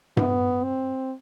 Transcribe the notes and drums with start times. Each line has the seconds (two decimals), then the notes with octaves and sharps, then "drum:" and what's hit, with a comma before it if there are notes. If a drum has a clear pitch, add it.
0.17 B3, drum: tom G2
0.64 C4